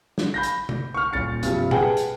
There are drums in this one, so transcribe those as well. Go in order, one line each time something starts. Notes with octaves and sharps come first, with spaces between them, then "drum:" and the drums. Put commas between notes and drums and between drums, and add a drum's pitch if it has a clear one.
drum: snare
B5 G6 A#6
drum: hi-hat
drum: tom
C#6 F6
D#1 A6 C#7
G2 C3 F3 G3, drum: hi-hat
G#4 B4 F#5 G5 A5, drum: tom
drum: hi-hat